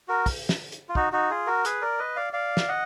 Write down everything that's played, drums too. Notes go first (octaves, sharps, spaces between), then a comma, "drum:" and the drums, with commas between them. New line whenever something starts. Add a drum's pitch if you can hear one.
F#4 A#4
drum: kick, open hi-hat
drum: snare
drum: hi-hat
F4
D#4 F#4, drum: kick
D#4 F#4
F4 G#4
F#4 A#4
G#4 B4, drum: hi-hat
A#4 D5
B4 D#5
D5 F5
D5 F5
drum: snare
D#5 F#5